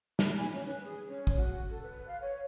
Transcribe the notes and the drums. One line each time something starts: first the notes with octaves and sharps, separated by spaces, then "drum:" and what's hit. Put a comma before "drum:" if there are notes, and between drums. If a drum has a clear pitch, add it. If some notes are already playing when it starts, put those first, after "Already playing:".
B5, drum: snare
G#5
C#4
B4
G#4
C#4
drum: kick
F#4
A4
B4
F5
C#5